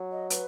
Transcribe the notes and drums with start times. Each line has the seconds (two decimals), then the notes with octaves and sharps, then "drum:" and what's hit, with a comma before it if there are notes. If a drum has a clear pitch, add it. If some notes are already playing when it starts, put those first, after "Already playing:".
Already playing: F#3
0.12 D#5
0.30 B4, drum: hi-hat